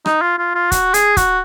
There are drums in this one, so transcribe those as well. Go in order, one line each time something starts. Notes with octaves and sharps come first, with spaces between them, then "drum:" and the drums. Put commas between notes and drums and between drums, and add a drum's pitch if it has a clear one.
D#4, drum: rim click
F4
F4
F4
F#4, drum: kick, hi-hat
G#4, drum: hi-hat
F#4, drum: kick, hi-hat